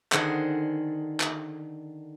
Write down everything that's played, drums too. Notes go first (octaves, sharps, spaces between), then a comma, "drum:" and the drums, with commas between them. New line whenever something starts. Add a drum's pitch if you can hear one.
D3 D#3 G#4 C5 F#5, drum: clap
drum: clap